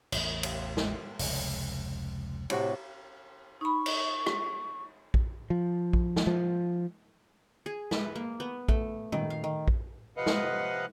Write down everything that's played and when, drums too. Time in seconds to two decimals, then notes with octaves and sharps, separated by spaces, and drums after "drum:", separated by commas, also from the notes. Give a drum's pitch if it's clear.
0.12 A1 E2, drum: cymbal
0.43 drum: cymbal
0.77 drum: snare
1.19 F1 C#2, drum: open hi-hat
2.50 A2 C3 F#4, drum: cymbal
3.61 D#4 B5 C#6
3.86 drum: cymbal
4.26 drum: rim click
5.14 drum: kick A#1
5.50 F3
5.93 drum: kick A#1
6.16 drum: snare
6.27 F3
7.66 G#4
7.91 B4, drum: snare
8.15 A#3
8.40 B3
8.68 A3, drum: kick A#1
9.12 D#3, drum: tom
9.30 F5
9.44 D#3
9.68 drum: kick A#1
10.17 C3 F3 B4 D#5 F5 F#5
10.26 drum: snare